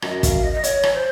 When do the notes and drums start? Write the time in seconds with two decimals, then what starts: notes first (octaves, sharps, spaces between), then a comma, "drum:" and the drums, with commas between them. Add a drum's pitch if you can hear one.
0.02 F#2 D#5, drum: rim click
0.23 F5, drum: kick, hi-hat
0.43 D#5
0.54 D#5
0.64 C#5, drum: hi-hat
0.83 drum: rim click
0.93 C5